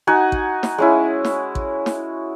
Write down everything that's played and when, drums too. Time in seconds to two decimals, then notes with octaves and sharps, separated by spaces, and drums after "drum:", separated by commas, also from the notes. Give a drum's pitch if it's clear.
0.07 D#4 F#4 F#5 G#5
0.32 drum: kick A1
0.63 drum: snare
0.78 G#3 C#4 E4
1.25 drum: snare
1.55 drum: kick A1
1.86 drum: snare